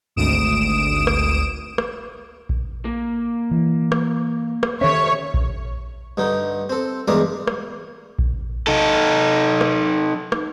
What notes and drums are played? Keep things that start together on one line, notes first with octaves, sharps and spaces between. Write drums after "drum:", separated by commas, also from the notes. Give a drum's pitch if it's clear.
G#1 D2 D#6 D7 E7
drum: rim click
drum: rim click
drum: kick A#1
A#3
E3
drum: rim click
drum: rim click
D#3 G3 C#4 A4 C#5 E5
drum: kick A#1
G2 D3 D#4
C4 A4
E2 G2 C#3 G#3 A#4 D5
drum: rim click
drum: kick A#1
D#4 A4
drum: rim click
drum: rim click